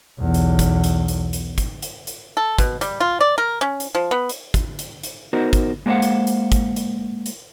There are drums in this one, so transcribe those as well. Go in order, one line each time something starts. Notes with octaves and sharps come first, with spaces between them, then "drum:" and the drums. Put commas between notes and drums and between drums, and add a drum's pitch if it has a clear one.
B1 E2
drum: hi-hat
drum: kick, hi-hat
drum: hi-hat
drum: hi-hat
drum: hi-hat
drum: kick, hi-hat
drum: hi-hat
drum: hi-hat
A4
B2, drum: kick, hi-hat
G3, drum: hi-hat
F4
D5
A#4
C#4
drum: hi-hat
F3
B3
drum: hi-hat
drum: kick, hi-hat
drum: hi-hat
drum: hi-hat
B3 D#4 F#4 A#4 C5
drum: kick, hi-hat
G#3 A#3 B3 C5 F5 F#5
drum: hi-hat
drum: hi-hat
drum: kick, hi-hat
drum: hi-hat
drum: hi-hat